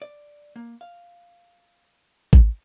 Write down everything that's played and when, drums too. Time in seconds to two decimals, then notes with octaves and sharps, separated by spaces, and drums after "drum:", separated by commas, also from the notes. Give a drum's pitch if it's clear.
0.02 D5
0.56 A#3
0.81 F5
2.33 drum: kick